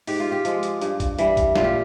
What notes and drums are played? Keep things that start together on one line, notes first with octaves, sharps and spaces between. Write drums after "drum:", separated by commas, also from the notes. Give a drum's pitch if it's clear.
G#2 G4, drum: open hi-hat
F4
G4
F3 G#3, drum: hi-hat
drum: hi-hat
G2, drum: hi-hat
drum: kick A1, hi-hat
E3 G3, drum: hi-hat
drum: kick A1, hi-hat
A#2 F4, drum: snare
G4